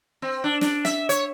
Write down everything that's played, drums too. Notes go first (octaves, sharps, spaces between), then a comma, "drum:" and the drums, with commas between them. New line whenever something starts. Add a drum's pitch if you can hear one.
C4
D4
D4, drum: snare
E5, drum: snare
C#5, drum: hi-hat